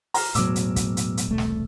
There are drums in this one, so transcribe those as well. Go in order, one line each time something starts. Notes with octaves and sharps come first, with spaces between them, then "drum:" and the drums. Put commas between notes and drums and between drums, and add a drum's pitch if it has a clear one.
A#5 F6, drum: open hi-hat
E1 A2 F#3 D6 E6, drum: hi-hat
drum: hi-hat
drum: kick, hi-hat
drum: hi-hat
drum: hi-hat
E1 C2 A3
drum: snare